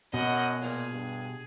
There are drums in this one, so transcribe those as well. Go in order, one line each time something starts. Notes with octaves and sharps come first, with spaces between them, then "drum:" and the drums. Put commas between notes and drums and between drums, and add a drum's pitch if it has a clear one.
F#2 B2 D#5 F#5
A#2 G#4, drum: open hi-hat
G2